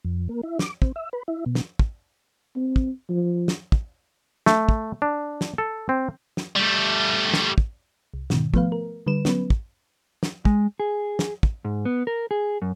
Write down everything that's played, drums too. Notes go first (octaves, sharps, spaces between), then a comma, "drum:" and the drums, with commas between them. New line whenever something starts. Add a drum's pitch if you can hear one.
F2
A#3
E4
D6, drum: snare
C4, drum: kick
E5
B4
E4
B2
drum: snare
drum: kick
C4
drum: kick
F3
drum: snare
drum: kick
A3, drum: snare
drum: kick
D4
drum: snare
A4
C4
drum: snare
G3 A3
drum: snare
drum: kick
C2
G#2 B2 D#3, drum: snare
F3 A3 B3 B4 F5, drum: kick
A#4
D3 G3 B4 E7
F#3 B3 C#4 B4, drum: snare
drum: kick
drum: snare
G#3, drum: kick
G#4
drum: snare
drum: kick
G#2
B3
A#4
G#4
F#2